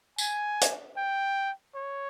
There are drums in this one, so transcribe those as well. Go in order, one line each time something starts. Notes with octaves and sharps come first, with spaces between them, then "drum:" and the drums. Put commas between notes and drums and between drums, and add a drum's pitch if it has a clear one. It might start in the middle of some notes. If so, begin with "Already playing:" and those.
G#5, drum: tambourine
drum: hi-hat
G5
C#5